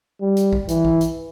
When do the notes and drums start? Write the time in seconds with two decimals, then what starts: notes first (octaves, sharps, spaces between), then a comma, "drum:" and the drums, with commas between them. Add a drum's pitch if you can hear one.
0.21 G3
0.37 drum: hi-hat
0.53 drum: kick
0.68 E3, drum: hi-hat
0.85 drum: kick
1.01 drum: hi-hat